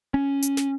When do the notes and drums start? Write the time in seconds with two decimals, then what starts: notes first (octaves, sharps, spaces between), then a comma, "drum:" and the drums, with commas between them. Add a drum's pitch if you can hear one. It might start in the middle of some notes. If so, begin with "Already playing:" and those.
0.14 C#4
0.42 drum: hi-hat
0.57 drum: snare